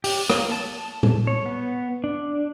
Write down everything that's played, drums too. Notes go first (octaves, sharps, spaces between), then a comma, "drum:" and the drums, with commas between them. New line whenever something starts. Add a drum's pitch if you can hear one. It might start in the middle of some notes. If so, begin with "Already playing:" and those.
G4, drum: open hi-hat
A#3, drum: rim click
A5
drum: tom A#2
C#5
B3
D4